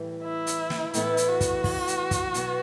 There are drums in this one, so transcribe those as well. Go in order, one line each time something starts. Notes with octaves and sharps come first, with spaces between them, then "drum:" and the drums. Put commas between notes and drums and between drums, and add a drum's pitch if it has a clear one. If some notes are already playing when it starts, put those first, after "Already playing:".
Already playing: A2 E3 G3
E4
drum: hi-hat
drum: snare
A2 E3 B3 E4, drum: hi-hat
drum: hi-hat
F#4
drum: kick, hi-hat
drum: kick, open hi-hat
drum: hi-hat
drum: kick, hi-hat
B2 F#3 B3, drum: hi-hat